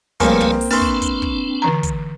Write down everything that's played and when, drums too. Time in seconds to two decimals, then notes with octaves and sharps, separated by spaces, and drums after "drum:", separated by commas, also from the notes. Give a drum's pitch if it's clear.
0.20 G2 C#3 F3 A3 A#3 C4 B4 G#5, drum: kick, hi-hat
0.41 drum: tom
0.61 drum: open hi-hat
0.71 A#3 C4 D4 A#4 B4 E5 C6 C#6
0.81 drum: kick
1.02 drum: kick, hi-hat
1.22 drum: kick
1.62 D3 E3 A#5
1.83 drum: kick, hi-hat